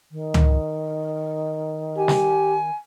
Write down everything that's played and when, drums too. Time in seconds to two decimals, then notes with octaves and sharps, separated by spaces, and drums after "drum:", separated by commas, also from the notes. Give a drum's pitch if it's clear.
0.11 D#3
0.34 drum: tom
1.97 G4 G#5
2.08 drum: snare